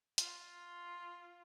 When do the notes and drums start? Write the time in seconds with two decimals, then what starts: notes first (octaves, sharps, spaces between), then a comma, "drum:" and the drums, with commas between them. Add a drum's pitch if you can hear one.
0.18 F4, drum: hi-hat